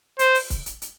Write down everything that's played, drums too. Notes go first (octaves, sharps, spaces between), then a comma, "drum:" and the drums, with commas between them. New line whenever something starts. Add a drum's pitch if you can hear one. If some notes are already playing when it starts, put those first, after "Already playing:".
C5, drum: hi-hat
drum: open hi-hat
drum: kick, hi-hat
drum: hi-hat
drum: hi-hat